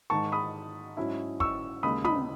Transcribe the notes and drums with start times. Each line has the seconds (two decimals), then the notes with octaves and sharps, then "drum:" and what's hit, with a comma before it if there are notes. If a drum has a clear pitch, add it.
0.10 G#2 D#3 G#3 D#4 A5 C#6
0.32 B5 D#6
0.97 G#2 F#3 C#4 E4
1.40 C#6 E6, drum: kick
1.83 D#2 C#3 G#3 B5 D#6
2.05 B5 D#6, drum: tom